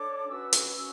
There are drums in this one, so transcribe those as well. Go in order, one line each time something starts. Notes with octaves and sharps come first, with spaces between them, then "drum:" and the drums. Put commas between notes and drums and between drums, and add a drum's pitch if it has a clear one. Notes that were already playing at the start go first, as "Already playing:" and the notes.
Already playing: D4 A4 C#5 D6
C#4 F#4 B4 E6
drum: hi-hat
C#4 F#4